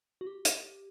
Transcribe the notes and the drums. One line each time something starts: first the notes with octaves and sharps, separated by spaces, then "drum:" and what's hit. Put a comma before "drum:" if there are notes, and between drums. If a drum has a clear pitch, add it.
F#4
G4
drum: hi-hat